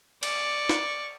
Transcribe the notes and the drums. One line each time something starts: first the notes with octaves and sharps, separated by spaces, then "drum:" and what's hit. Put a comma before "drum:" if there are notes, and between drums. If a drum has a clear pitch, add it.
D5 C#6, drum: cymbal
drum: snare